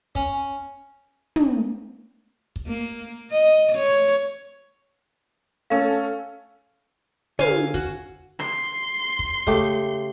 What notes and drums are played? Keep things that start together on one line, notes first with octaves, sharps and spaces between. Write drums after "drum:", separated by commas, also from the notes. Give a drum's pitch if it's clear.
C#4, drum: kick
drum: tom
drum: kick
A#3
D#5
C#5
A3 C#4 A4 F5
D3 F5 G#5, drum: tom
F#4, drum: kick
C6, drum: snare
drum: kick
C#3 A3 G4, drum: kick